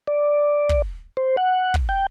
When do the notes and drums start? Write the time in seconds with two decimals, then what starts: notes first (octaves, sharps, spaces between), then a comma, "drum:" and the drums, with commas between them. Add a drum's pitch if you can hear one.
0.07 D5
0.69 drum: kick
1.17 C5
1.37 F#5
1.74 drum: kick
1.89 G5